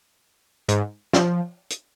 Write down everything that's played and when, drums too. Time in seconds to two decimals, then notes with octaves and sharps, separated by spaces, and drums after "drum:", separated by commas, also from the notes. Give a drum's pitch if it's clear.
0.68 G#2, drum: hi-hat
1.13 F3, drum: snare
1.70 drum: hi-hat